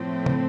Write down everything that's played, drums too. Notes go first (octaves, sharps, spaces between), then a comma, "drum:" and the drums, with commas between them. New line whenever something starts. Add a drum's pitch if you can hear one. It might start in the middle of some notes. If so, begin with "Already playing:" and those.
Already playing: A2 F3 A3 C4
drum: tom